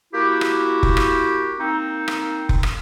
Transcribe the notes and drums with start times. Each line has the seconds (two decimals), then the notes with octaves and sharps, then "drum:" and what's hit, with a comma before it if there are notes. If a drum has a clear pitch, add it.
0.13 A#3 E4 F#4 G4
0.41 drum: rim click
0.83 drum: kick F1
0.97 drum: rim click
1.60 A#3 C4 D#4
2.08 drum: rim click
2.49 drum: kick F1
2.63 drum: rim click